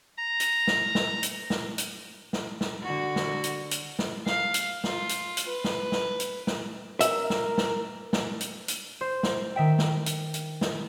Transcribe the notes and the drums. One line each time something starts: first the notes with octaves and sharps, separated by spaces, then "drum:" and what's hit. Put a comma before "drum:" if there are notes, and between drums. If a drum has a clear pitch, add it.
A#5
drum: hi-hat
drum: snare
drum: snare
drum: hi-hat
drum: snare
drum: hi-hat
drum: snare
drum: snare
D3 F#4
drum: snare
drum: hi-hat
drum: hi-hat
drum: snare
F5, drum: snare
drum: hi-hat
F4, drum: snare
drum: hi-hat
drum: hi-hat
B4
drum: snare
drum: snare
drum: hi-hat
drum: snare
A#4 E5, drum: hi-hat
drum: snare
drum: snare
drum: snare
drum: hi-hat
drum: hi-hat
C5
drum: snare
D#3 E5 G5
drum: snare
drum: hi-hat
drum: hi-hat
drum: snare